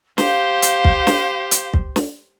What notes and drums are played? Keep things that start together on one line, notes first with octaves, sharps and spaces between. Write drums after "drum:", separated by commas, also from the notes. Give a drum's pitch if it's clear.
G4 C5 F5, drum: snare
drum: hi-hat
drum: kick
drum: snare
drum: hi-hat
drum: kick
drum: snare